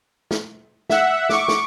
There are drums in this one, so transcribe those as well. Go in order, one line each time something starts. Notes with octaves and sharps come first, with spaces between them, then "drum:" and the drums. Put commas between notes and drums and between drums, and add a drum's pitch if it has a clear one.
drum: snare
E5 F#5, drum: snare
C#6 D6, drum: snare
drum: snare